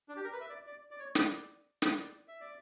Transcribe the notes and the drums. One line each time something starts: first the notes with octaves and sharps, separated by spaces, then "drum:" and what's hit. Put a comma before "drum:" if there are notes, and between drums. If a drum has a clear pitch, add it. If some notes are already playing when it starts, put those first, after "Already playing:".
D4
G4
A#4
B4
E5
D5
D5
D5
C#5
D5, drum: snare
drum: snare
D5
E5
D5